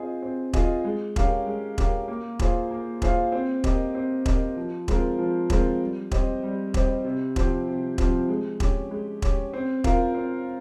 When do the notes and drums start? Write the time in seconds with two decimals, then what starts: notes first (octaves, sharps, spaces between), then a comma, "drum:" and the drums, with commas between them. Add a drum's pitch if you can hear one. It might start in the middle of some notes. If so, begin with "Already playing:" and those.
Already playing: C4 F4 G#4 D#5
0.22 C4
0.53 F4 G#4 D#5, drum: kick E1
0.84 G#3
1.16 C#4 G4 A#4 F5, drum: kick E1
1.46 G#3
1.78 C#4 G4 A#4 F5, drum: kick E1
2.08 A#3
2.39 F4 G#4 C5 F5, drum: kick E1
2.71 A#3
3.02 F4 G#4 C5 F5, drum: kick E1
3.32 C4
3.64 G4 A#4 D#5, drum: kick E1
3.95 C4
4.26 G4 A#4 D#5, drum: kick E1
4.57 F3
4.88 G#3 C4 F4 A#4, drum: kick E1
5.19 F3
5.50 G#3 C4 F4 A#4, drum: kick E1
5.81 G3
6.11 C4 G4 C5 D#5, drum: kick E1
6.43 G3
6.74 C4 G4 C5 D#5, drum: kick E1
7.04 C3
7.36 F3 C4 G4, drum: kick E1
7.67 C3
7.98 F3 C4 G4, drum: kick E1
8.29 G#3
8.60 C#4 G4, drum: kick E1
8.91 G#3
9.22 C#4 G4, drum: kick E1
9.53 C4
9.84 F4 A#4 F5, drum: kick E1
10.14 C4